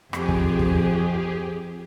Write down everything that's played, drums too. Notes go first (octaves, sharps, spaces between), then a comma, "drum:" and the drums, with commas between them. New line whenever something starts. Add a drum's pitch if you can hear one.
F2 G4 G#4, drum: rim click
drum: kick
drum: kick